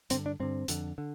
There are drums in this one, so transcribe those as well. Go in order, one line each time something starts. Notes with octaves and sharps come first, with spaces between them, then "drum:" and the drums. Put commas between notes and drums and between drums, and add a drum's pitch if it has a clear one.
G2 D3 C4, drum: hi-hat
D4
G2 D3 C4
F2 D3, drum: hi-hat
D3